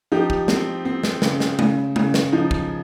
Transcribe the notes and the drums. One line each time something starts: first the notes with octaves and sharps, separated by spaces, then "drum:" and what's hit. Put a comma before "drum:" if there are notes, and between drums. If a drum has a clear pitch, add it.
F3 D#4 G4
drum: kick
C4, drum: snare
C4
drum: snare
C#3, drum: snare
drum: snare
C#3, drum: tom G#3
C#3, drum: tom G#3
drum: snare
F3 D#4
drum: kick